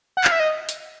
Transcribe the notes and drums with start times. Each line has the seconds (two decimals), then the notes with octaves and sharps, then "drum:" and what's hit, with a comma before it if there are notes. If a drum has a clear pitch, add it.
0.17 F#5
0.24 F5, drum: clap
0.32 E5
0.40 D#5
0.69 drum: hi-hat